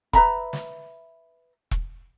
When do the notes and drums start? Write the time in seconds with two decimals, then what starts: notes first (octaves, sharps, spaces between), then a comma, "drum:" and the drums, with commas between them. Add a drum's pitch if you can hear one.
0.13 B4 E5 A#5 B5, drum: kick E1
0.53 drum: snare
1.71 drum: kick E1